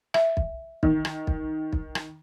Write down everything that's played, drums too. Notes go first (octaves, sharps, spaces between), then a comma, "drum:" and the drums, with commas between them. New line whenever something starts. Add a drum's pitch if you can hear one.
E5, drum: rim click
drum: kick
D#3, drum: kick
drum: rim click
drum: kick
drum: kick
drum: rim click